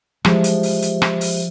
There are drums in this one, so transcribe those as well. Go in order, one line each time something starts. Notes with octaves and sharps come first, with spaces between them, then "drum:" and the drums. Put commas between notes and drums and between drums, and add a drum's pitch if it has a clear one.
F3 G#3 G4 C5 E5, drum: rim click
drum: hi-hat
drum: open hi-hat
drum: hi-hat
drum: rim click
drum: open hi-hat